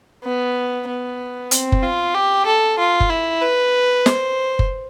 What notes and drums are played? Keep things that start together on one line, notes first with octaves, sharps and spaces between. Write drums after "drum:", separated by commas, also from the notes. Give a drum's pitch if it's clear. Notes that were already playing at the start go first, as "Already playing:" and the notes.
B3
B3
C4, drum: hi-hat
drum: kick F#1
F4
G4
A4
F4
drum: kick F#1
E4
B4
C5, drum: snare
drum: kick F#1